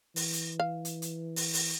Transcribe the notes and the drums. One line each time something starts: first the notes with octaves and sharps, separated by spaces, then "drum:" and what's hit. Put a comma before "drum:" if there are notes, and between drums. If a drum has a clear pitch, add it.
E3, drum: open hi-hat
drum: hi-hat
F5
drum: hi-hat
drum: hi-hat
drum: open hi-hat
drum: open hi-hat